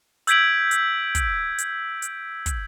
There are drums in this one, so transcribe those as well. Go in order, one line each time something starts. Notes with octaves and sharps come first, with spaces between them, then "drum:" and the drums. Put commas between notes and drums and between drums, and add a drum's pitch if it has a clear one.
E6 G6 G#6 B6 D7 F#7, drum: hi-hat
drum: hi-hat
drum: kick, hi-hat
drum: hi-hat
drum: hi-hat
drum: kick, hi-hat